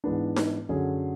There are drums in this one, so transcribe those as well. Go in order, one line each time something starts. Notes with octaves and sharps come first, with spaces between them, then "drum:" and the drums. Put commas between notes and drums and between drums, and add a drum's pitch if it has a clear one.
G#2 E3 B3 D4
drum: snare D#4
F#2 D3 F#3 C#4 G#4